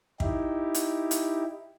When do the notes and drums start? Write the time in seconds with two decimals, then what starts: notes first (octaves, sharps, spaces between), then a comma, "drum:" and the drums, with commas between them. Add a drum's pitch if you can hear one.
0.20 D#4 E4 G4, drum: kick
0.74 drum: hi-hat
1.11 drum: hi-hat